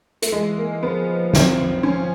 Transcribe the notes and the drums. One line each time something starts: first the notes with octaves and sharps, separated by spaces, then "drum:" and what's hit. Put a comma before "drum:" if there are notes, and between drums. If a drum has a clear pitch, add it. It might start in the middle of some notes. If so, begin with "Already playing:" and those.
A3, drum: hi-hat
E3 G#3
A#3
F3 B3
C4, drum: snare
F3 C#4